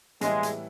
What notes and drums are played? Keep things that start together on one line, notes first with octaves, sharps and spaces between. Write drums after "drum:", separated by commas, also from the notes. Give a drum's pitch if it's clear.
A2 E3 G3 G#3 B3 E4, drum: hi-hat
drum: hi-hat